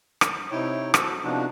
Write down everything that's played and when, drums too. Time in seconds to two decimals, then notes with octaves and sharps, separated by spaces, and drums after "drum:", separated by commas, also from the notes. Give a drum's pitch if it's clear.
0.21 drum: rim click
0.51 C3 D#4 E4 C#5 G5
0.94 F#4 A4, drum: rim click
1.23 C3 F3 B3 D4 D#4 F#4